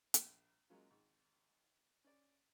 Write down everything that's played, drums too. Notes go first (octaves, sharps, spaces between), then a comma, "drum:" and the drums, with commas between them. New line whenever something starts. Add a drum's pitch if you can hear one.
A#1 G5, drum: hi-hat
F#3 G#3 A#3 C#4 F4
G#1
C#4 D5